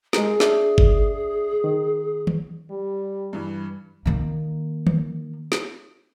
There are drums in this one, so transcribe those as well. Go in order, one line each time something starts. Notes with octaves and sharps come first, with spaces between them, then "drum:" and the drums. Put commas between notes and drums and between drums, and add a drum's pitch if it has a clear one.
G#3 G#4 A#4, drum: snare
D4 D5 E5, drum: snare
drum: kick G1
D#3
drum: tom D#3
G3
G2 E3
D#3 A#3
drum: tom D#3
drum: snare